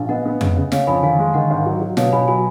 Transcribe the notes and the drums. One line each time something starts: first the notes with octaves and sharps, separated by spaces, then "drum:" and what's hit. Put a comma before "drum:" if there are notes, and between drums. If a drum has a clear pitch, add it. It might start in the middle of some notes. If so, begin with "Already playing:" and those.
Already playing: A#1 F5 G#5
B3 D#5 F#5
B3
C#3, drum: tom F2
C#3
C#3 C#5 F5, drum: snare
F2 G#5 B5
D#3 F5 G#5
G#3
D#3 D#5 F#5
G#1
F#3
F#3
B2 C#5 F5, drum: snare
B2 G#5 B5
F#3 G#5 B5